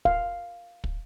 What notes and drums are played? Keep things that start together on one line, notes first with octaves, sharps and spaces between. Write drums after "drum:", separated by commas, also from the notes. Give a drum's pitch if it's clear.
F5, drum: kick
drum: kick